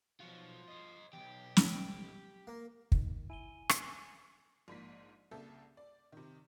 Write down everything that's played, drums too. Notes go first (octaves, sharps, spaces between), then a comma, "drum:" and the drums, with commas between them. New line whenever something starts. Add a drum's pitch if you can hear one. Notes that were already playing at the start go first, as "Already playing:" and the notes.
B1 F3 F4 F#4
C5 D#5
B1 E2 G4
drum: snare
A#3
D#2 D#3, drum: kick
E4 G#5 D#7 G7
drum: rim click
A#1 G#2 A#3 B6
C2 C#3 A#3 A4 E5 G6
D5
C3 D#3